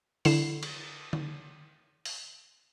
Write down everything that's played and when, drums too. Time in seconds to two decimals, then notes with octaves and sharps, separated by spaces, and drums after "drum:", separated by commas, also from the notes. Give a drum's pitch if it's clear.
0.25 D3 E4 C7 E7, drum: open hi-hat
0.63 drum: cymbal
1.13 drum: tom D3
2.05 drum: open hi-hat